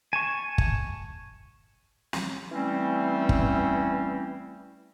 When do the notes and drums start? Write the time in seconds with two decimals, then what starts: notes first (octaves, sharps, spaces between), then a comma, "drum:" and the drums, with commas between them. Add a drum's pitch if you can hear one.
0.13 G#5 A5 C#6
0.58 drum: kick G1
2.13 drum: snare
2.52 E3 G3 A3 C4 C#4
3.29 drum: kick G1